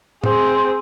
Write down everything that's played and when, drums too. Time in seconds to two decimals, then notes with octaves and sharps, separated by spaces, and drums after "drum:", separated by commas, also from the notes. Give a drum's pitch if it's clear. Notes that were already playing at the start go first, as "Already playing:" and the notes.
0.24 C4 G#4, drum: tom A2